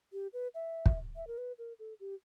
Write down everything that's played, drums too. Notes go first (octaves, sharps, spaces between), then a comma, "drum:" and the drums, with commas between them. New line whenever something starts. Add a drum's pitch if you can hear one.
G4
B4
E5
drum: kick
E5
A#4
B4
A#4
A4
G4